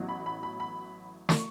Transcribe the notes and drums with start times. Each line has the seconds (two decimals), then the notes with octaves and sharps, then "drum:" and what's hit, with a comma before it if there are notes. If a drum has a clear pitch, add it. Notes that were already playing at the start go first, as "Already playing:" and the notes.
Already playing: A1 A2 F#3 B3
0.09 B5
0.26 B5
0.43 B5
0.60 B5
1.29 C#6, drum: snare